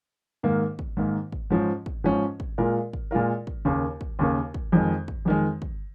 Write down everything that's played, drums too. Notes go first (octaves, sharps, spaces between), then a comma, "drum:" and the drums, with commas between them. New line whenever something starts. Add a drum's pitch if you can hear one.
G#2 D#3 A#3
drum: kick
G#2 D#3 A#3
drum: kick
G#2 F3 C#4
drum: kick
G#2 F3 C#4
drum: kick
A#2 G#3 F4 A#4
drum: kick
A#2 G#3 F4 A#4
drum: kick
D#2 C#3 A#3
drum: kick
D#2 C#3 A#3
drum: kick
F2 D#3 G#3
drum: kick
F2 D#3 G#3
drum: kick